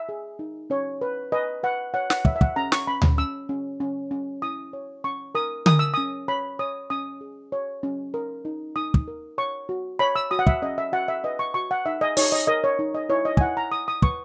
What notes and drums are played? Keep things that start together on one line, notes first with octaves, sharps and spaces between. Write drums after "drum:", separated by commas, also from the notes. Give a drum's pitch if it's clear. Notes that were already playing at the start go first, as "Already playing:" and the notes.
Already playing: E5
G#4
D#4
C#4 C#5
B4
B4 D#5
B4 F#5
C#5 F#5
F#5, drum: snare
C#5 E5, drum: kick
E5
F#5, drum: kick
C#4 A#5
C#6, drum: snare
C#4 B5
drum: tom D2
C#4 E6
C#4
C#4
C#4
E4 D#6
C#5
C#4 C#6
A#4 D#6
A#4 D#6, drum: tom D3
E6
C#4 D#6
C#5 B5
C#5 D#6
C#4 D#6
G#4
C#5
C#4
A#4
D#4
D#4 D#6
drum: kick
A#4
C#5 C#6
F#4
C#5 B5
E6
F#4 D#6
F#5
E5, drum: kick
C#4 D#5
E5
F#4 F#5
E5
B4 D#5
C#6
F#4 C#6
F#5
D#4 E5
D#5
D#4 C#5, drum: open hi-hat
D#5
A#4 D#5
C#5
D#4
D#5
E4 C#5
D#5
G#5, drum: kick
E4 F#5
A#5
E4 D#6
D#6
B4 C#6, drum: kick